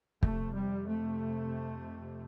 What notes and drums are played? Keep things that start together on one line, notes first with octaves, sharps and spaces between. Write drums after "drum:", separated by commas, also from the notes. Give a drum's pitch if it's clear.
F2 C3 A3, drum: kick
G3
A3